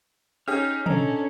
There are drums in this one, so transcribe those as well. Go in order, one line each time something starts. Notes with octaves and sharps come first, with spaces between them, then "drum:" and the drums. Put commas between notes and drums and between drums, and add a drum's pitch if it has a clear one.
C#4 D#4 G4 G#4 F6
C#4 D4 A4 D#5 A#5, drum: tom